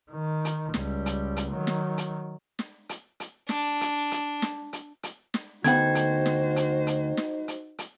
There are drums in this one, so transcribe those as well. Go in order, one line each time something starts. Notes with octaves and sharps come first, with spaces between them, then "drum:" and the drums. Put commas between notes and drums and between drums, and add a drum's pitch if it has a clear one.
D#3
drum: hi-hat
C#2 G3, drum: snare
drum: hi-hat
drum: hi-hat
D#3 F#3
drum: snare
drum: hi-hat
drum: snare
drum: hi-hat
drum: hi-hat
D4, drum: snare
drum: hi-hat
drum: hi-hat
drum: snare
drum: hi-hat
drum: hi-hat
drum: snare
D2 B3 D#4 F#4 C5 F#5 G5 G#6, drum: hi-hat
drum: hi-hat
drum: snare
drum: hi-hat
drum: hi-hat
drum: snare
drum: hi-hat
drum: hi-hat